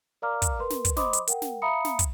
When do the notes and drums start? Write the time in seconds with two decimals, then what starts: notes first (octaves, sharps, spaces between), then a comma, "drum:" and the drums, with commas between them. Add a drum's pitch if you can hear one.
0.22 A#4 D5 F5 A#5 D6 F6
0.42 drum: kick, hi-hat
0.59 A#4 B4 C6
0.70 drum: snare
0.85 drum: kick, hi-hat
0.97 C5 D#5 B5 C6 D6 D#6, drum: snare
1.13 drum: hi-hat
1.27 A#4 F#5 G5, drum: hi-hat
1.42 drum: snare
1.62 E5 F5 A#5 B5 D#6 C#7
1.85 drum: snare
1.99 drum: kick, hi-hat